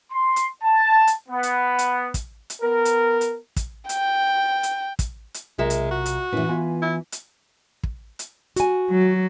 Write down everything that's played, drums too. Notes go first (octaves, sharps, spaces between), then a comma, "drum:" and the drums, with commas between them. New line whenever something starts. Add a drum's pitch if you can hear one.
C6
drum: hi-hat
A5
drum: hi-hat
B3
drum: hi-hat
drum: hi-hat
drum: kick, hi-hat
drum: hi-hat
B3 A#4
drum: hi-hat
drum: hi-hat
drum: kick, hi-hat
G5, drum: hi-hat
drum: hi-hat
drum: kick, hi-hat
drum: hi-hat
B1 C3 G#3 F4 A#4 E5 A#5
drum: hi-hat
F#4
drum: hi-hat
A2 E3 C#4 E4 B4
B3 F4 G#5
E4
drum: hi-hat
drum: kick
drum: hi-hat
F#4 G#5, drum: hi-hat
F#3